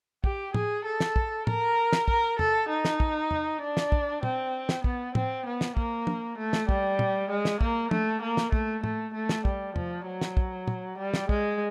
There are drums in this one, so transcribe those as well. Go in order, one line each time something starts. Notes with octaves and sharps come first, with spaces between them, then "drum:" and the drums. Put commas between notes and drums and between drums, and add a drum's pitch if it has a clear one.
G4, drum: kick
G#4, drum: tom
A4
drum: snare
drum: kick
A#4, drum: tom
drum: snare
A#4, drum: kick
A4, drum: tom E2
D#4
drum: snare
drum: kick
drum: tom E2
D4
drum: snare
drum: kick
C4, drum: tom
drum: snare
B3, drum: kick
C4, drum: tom
B3
drum: snare
A#3, drum: kick
drum: tom
A3
drum: snare
G3, drum: kick
drum: tom
G#3
drum: snare
A#3, drum: kick
A3, drum: tom
A#3
drum: snare
A3, drum: kick
A3, drum: tom
A3
drum: snare
G3, drum: kick
F3, drum: tom E2
F#3
drum: snare
drum: kick
drum: tom
G3
drum: snare
G#3, drum: kick